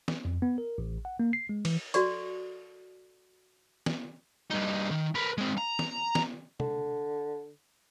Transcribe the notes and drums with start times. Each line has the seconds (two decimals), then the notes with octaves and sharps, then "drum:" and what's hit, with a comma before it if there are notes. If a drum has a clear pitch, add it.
0.08 drum: snare B3
0.25 F2
0.42 B3
0.58 A#4
0.78 A1
1.05 F#5
1.20 A#3
1.33 C7
1.49 G#3
1.65 E3, drum: cymbal
1.94 F#4 A4 D5 C#6, drum: hi-hat
3.86 drum: snare B3
4.51 G2 D#4
4.91 D#3
5.15 A#4 B4
5.38 G#3 C4
5.58 A#5
5.79 drum: snare B3
6.15 drum: snare B3
6.60 D3, drum: tom